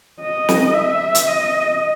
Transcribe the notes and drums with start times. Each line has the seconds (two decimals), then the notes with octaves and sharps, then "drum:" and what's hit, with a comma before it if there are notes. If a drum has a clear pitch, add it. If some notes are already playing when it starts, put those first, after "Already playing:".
0.21 D#5
0.49 drum: snare
0.74 E5
1.15 drum: hi-hat
1.28 D#5